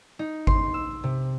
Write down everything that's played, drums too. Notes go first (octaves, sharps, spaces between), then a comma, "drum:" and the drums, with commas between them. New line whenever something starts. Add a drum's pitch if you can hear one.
D#4
C6, drum: kick G#1
E6
C3